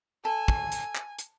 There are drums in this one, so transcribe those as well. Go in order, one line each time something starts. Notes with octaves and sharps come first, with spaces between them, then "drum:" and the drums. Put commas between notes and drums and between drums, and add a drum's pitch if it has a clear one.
A4 G#5
drum: kick
drum: hi-hat
drum: clap
drum: hi-hat